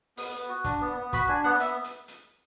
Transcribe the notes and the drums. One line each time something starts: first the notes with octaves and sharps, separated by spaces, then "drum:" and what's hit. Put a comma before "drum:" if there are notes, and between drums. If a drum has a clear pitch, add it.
B3, drum: open hi-hat
B3
F#4
D4, drum: kick, hi-hat
B3
B3
F#4 B5, drum: kick, hi-hat
D4 G#5
B3 F#5
B3 E5, drum: hi-hat
drum: hi-hat
drum: hi-hat